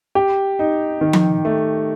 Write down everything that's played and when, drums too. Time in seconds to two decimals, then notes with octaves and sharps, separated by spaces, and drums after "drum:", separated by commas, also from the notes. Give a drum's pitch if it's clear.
0.15 G4
0.59 D#4
1.01 D#3
1.13 drum: tom F3
1.45 A3